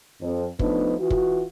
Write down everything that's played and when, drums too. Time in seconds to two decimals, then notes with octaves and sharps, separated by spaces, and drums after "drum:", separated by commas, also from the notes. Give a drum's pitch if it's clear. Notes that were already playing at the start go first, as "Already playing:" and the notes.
0.22 F2
0.59 F3 A3 B3 D4 D#4, drum: kick
1.00 E3 F4 F#4
1.10 drum: kick